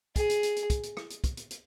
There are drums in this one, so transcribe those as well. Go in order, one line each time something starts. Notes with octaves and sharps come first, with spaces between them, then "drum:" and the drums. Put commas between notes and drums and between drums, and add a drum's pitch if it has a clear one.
G#4, drum: kick, hi-hat
drum: hi-hat
drum: hi-hat
drum: hi-hat
drum: kick, hi-hat
drum: hi-hat
drum: rim click
drum: hi-hat
drum: kick, hi-hat
drum: hi-hat
drum: hi-hat